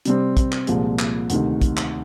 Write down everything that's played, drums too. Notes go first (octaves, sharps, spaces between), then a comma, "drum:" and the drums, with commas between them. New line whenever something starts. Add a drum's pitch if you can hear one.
C3 G3 C4, drum: hi-hat
drum: kick, hi-hat
drum: clap
C2 A#2 F3 G#3, drum: hi-hat
drum: clap
D2 C3 D#3, drum: hi-hat
drum: kick, hi-hat
drum: clap